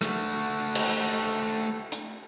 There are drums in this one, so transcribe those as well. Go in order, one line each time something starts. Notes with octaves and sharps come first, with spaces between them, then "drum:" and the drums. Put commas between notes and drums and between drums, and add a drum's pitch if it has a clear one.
A3 F#4, drum: rim click
drum: cymbal
drum: hi-hat